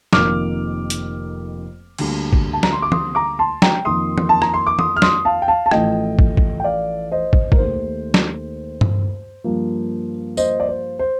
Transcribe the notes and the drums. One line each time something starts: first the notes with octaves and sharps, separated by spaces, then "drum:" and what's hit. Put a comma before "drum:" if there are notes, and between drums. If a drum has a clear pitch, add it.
F1 F2 D#3 A#3 D6 F6, drum: snare
drum: hi-hat
D2 D3 G3 A#3, drum: cymbal
drum: kick
A5
A#5, drum: snare
C6
D6
C6 D#6, drum: tom
A#5 D6
A5 C6
G5 A#5, drum: snare
F2 D#3 A#3 C6 D#6
drum: tom
A5
A#5, drum: rim click
C6
D6
C6 D#6, drum: tom
F6
C6 D#6, drum: snare
F5 A5
G5
F5 A5
A5
A1 A2 F3 A3 D#5 G5, drum: rim click
drum: kick
drum: kick
G5
D5 F5
C5 D#5
drum: kick
A#4, drum: kick
D#2 D#3 A3 C5
drum: snare
drum: tom G2
G2 F3 A#3
C5 D#5, drum: tambourine
D5
C5
C5